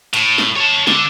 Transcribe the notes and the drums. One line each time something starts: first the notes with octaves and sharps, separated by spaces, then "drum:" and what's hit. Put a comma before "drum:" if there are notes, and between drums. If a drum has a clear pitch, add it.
A2, drum: cymbal
drum: snare
C#5 A5
D3, drum: snare